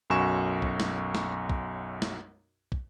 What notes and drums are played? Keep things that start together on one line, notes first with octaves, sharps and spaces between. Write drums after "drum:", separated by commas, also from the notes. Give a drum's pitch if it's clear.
B1 F#2 F#4 G#5 C#6 E7
drum: kick
drum: snare
drum: snare
drum: kick
drum: snare
drum: kick